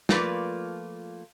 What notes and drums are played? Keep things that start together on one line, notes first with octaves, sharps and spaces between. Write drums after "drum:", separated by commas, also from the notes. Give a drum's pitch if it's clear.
F3 A3 A#3 F4 B4 D5, drum: snare